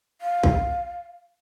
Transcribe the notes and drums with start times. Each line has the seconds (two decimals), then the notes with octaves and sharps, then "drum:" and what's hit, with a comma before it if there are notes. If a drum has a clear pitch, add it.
0.21 F5
0.43 drum: kick